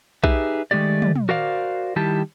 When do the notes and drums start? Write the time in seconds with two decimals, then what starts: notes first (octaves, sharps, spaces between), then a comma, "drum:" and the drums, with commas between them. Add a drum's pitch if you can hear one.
0.24 D#4 G4 G#4 B4 E5, drum: kick B1
0.71 D#3 G#3 A3 G4 D5
1.02 drum: tom
1.16 drum: tom
1.29 F#4 A#4 C5 D5 F5
1.96 D#3 G3 E4 G4 A5